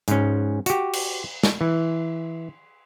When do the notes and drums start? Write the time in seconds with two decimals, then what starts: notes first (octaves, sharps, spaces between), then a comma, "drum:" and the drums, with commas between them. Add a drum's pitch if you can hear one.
0.08 G#2 C#4, drum: hi-hat
0.66 F#4 G4, drum: hi-hat
0.93 drum: cymbal
1.43 drum: snare
1.61 E3